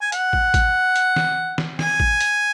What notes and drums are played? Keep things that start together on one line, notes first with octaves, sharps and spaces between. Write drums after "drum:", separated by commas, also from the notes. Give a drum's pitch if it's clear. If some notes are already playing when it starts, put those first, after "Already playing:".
G#5
F#5, drum: hi-hat
drum: kick
drum: kick, hi-hat
drum: hi-hat
drum: snare
drum: snare
G#5, drum: snare
drum: kick
drum: hi-hat